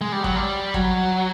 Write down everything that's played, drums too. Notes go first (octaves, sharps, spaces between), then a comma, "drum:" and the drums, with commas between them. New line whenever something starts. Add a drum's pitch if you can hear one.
G#3
G3
F#3, drum: kick
G3
F#3, drum: kick